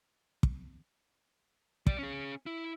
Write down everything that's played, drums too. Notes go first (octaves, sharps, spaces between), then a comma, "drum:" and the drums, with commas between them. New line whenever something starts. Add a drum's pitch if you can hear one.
drum: kick
G3 D5, drum: kick
C#4 G#4
E4